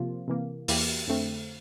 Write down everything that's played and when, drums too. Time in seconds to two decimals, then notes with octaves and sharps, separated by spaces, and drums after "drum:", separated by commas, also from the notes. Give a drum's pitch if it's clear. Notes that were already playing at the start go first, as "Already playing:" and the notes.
Already playing: C3 F3 A#3 F4
0.28 C3 E3 A#3
0.68 E2 E3 A#3 E4 G4, drum: open hi-hat
1.08 F2 D3 A3 C4